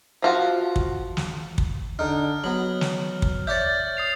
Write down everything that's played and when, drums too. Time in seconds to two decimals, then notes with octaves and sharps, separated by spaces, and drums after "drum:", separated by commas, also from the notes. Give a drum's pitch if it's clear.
0.22 F3 F4 F#4
0.76 drum: kick
1.17 drum: snare
1.58 drum: kick
1.99 D3 D#4 F6
2.44 F#3 B3 F#7
2.81 drum: snare
3.22 drum: kick
3.47 C#5 D5 E5 G6 A6
3.97 D#6 C7 F7